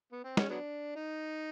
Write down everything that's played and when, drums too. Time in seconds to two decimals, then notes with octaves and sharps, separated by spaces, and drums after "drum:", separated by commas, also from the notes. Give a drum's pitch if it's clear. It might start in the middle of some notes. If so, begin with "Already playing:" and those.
0.12 B3
0.24 C4
0.37 C#4, drum: snare
0.50 F#3 B3 D4
0.96 D#4